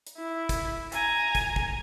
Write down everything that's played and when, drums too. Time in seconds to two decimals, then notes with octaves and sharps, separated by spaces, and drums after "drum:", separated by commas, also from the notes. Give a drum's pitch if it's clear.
0.07 drum: hi-hat
0.17 E4
0.49 drum: kick, hi-hat
0.92 G#5 A#5, drum: hi-hat
1.35 drum: kick, hi-hat
1.56 drum: kick